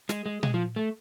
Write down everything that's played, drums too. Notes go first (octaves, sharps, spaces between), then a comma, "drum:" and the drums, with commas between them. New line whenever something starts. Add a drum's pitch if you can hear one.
G#3, drum: snare
G#3
G#3, drum: tom A#2
F3
A3